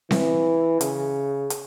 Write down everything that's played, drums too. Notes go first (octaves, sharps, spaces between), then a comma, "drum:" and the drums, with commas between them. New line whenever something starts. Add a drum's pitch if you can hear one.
E3, drum: snare C4
C#3, drum: hi-hat
drum: hi-hat